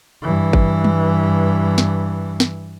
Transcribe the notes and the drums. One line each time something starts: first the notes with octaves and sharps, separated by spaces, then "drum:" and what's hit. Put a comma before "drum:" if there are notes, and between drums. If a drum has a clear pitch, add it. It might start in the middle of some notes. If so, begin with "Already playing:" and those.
G2 E3
drum: kick G#1
drum: tom G3
drum: snare
drum: snare